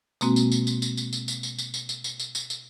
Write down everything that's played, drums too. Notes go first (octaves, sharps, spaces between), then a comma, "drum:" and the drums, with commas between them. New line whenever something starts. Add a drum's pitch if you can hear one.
B2 G#3 A#3 C4 F#4, drum: tambourine
drum: tambourine
drum: tambourine
drum: tambourine
drum: tambourine
drum: tambourine
drum: tambourine
drum: tambourine
drum: tambourine
drum: tambourine
drum: tambourine
drum: tambourine
drum: tambourine
drum: tambourine
drum: tambourine
drum: tambourine